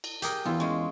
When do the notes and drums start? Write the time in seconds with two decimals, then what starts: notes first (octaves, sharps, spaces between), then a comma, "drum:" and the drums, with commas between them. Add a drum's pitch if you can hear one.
0.04 drum: cymbal
0.22 G4 G#4 A#4, drum: hi-hat
0.46 E2 E3 F4
0.60 G#3 C#4